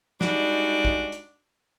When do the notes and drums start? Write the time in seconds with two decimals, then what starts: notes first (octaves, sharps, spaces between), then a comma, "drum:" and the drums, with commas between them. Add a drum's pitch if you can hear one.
0.21 G3 G#3 D4 D#4 F#4, drum: snare
0.85 drum: kick
1.12 drum: hi-hat